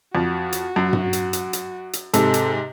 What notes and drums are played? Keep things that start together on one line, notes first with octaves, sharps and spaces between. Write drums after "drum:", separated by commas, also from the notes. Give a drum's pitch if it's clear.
F2 F#4
drum: hi-hat
F#2
drum: tom G2
drum: hi-hat
drum: hi-hat
drum: hi-hat
drum: hi-hat
G#2 C3 A4, drum: hi-hat
drum: hi-hat